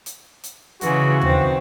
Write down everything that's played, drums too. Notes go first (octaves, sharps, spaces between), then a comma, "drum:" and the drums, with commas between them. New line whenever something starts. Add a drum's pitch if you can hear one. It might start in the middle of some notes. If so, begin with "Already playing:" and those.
drum: hi-hat
drum: hi-hat
C#3 E3 G#3 F#4, drum: hi-hat
D#3 C4, drum: tom D#2